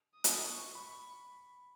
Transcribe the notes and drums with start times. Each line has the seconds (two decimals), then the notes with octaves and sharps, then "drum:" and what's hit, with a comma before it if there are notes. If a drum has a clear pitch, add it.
0.15 D#6
0.24 drum: hi-hat
0.44 C#6
0.75 B5 C#6